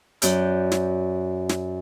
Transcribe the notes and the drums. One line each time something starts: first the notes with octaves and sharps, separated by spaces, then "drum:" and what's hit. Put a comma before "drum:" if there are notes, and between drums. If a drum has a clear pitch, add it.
F#2 D5 F#6 G6, drum: hi-hat
drum: snare
drum: snare